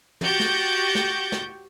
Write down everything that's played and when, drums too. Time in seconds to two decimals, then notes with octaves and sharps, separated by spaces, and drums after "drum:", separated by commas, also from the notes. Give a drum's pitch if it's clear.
0.21 F#4 G4 C#6 G6 A6 A#6, drum: tom
0.40 drum: snare
0.95 drum: snare
1.32 drum: snare